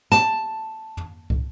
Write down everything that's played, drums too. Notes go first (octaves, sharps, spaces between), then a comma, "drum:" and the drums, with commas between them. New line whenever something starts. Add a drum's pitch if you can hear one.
A5, drum: snare
drum: tom
drum: kick